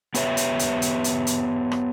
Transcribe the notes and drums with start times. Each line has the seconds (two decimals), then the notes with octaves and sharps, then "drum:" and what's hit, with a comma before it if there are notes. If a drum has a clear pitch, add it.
0.15 B3 G4 B4 C#5 E5, drum: hi-hat
0.37 drum: hi-hat
0.59 drum: hi-hat
0.82 drum: hi-hat
1.04 drum: hi-hat
1.27 drum: hi-hat
1.72 drum: rim click